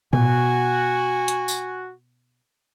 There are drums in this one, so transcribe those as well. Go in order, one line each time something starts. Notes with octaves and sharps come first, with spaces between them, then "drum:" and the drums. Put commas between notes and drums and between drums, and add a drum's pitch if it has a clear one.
B2 F#4 G#5, drum: tom A2
drum: hi-hat
drum: tambourine